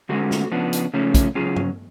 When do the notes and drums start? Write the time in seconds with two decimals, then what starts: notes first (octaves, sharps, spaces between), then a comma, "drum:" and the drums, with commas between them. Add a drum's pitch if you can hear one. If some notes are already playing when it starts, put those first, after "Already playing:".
0.09 D3 G#3 C#4 F#4 A4
0.31 drum: snare
0.52 C#3 F3 B3 D4
0.73 drum: hi-hat
0.94 C#3 F3 A3 C#4
1.14 drum: kick, hi-hat
1.35 C#3 F#3 C#4 F4 G#4
1.56 drum: tom G2